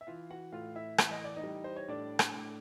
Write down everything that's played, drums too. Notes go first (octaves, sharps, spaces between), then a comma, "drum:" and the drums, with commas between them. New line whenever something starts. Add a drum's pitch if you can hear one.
E5
E3 F4 F5
F#4 F#5
A2 F4 F5
E4 E5
E3 E5, drum: rim click
D#5
D5
D#4 D#5
G3
C5
C#5
A2 D4 D5
drum: rim click
A2